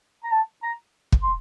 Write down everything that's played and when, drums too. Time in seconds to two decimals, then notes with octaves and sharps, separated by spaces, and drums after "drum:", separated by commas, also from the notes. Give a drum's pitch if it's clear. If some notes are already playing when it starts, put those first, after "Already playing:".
0.24 A#5
0.32 A5
0.63 A#5
1.12 drum: kick
1.23 C6